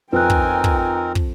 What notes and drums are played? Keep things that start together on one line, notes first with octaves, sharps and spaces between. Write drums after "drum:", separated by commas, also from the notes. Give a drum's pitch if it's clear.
F2 C4 D#4 A#4 B4 G5 G#5 F#6
drum: kick
drum: kick
drum: kick